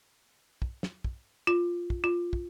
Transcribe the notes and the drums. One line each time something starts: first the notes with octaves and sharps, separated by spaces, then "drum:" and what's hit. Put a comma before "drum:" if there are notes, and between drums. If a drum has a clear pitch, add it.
drum: kick
drum: snare
drum: kick
F4
drum: kick
F4
drum: kick